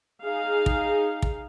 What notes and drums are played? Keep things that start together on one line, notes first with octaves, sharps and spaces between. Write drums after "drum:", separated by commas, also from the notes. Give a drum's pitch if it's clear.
D#4 G#4 F5
drum: kick
drum: kick